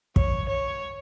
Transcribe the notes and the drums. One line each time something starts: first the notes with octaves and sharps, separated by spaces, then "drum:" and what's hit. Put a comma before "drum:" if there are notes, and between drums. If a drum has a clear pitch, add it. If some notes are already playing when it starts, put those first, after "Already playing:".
C#5, drum: kick
C#5